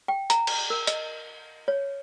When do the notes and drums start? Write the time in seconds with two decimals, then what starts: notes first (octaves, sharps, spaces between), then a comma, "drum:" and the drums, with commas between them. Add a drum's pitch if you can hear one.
0.08 G5
0.30 A#5, drum: hi-hat
0.47 drum: cymbal
0.70 A#4
0.87 D#5, drum: hi-hat
1.68 C#5